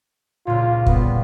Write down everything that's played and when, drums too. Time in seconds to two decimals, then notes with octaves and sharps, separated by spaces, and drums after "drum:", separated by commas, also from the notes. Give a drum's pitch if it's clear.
0.47 C#2 A#2 F4
0.86 G3 B3, drum: kick